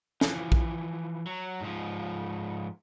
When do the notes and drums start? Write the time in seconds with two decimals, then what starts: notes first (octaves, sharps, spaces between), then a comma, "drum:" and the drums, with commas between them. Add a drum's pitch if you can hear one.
0.21 E3 F3, drum: snare
0.52 drum: kick A#1
1.26 F#3
1.61 G#2 F3